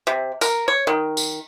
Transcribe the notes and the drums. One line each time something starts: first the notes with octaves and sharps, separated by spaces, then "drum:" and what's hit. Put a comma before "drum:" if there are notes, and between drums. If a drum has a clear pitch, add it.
C3
A#4, drum: tambourine
C#5
D#3
drum: tambourine